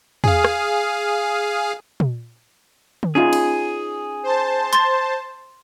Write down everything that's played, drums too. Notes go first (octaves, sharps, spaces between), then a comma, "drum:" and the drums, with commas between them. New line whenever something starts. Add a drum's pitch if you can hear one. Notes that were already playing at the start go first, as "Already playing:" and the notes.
G#4 F5, drum: tom
drum: rim click
drum: tom A#2
drum: tom D3
C#4 D#4 F4 G#4
drum: cymbal
C5 A5
C6 A6, drum: hi-hat